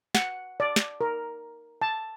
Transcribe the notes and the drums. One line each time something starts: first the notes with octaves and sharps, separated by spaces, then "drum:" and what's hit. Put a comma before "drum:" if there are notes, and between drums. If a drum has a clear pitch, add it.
F#5, drum: snare
D5
drum: snare
A#4
A5